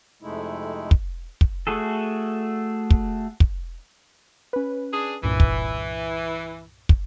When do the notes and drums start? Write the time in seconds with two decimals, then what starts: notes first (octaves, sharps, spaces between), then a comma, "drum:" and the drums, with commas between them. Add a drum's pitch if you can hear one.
0.22 F2 C3 G#3 A3 D#4 E4
0.91 drum: kick
1.41 drum: kick
1.67 A3 F#4 G#4 A4
2.90 drum: kick
3.40 drum: kick
4.53 C#4 B4
4.94 D4 G#4
5.23 C2 G2 A#2 E3
5.40 drum: kick
6.89 drum: kick